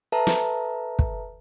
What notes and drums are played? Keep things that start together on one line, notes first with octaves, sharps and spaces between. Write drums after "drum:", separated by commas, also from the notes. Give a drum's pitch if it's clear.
A4 B4 E5 A5 A#5
drum: snare
drum: kick